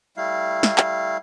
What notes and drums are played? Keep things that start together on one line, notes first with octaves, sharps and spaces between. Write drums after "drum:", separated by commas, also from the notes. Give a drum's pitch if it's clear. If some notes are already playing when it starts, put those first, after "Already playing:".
G3 A3 E4 F5
drum: snare
drum: clap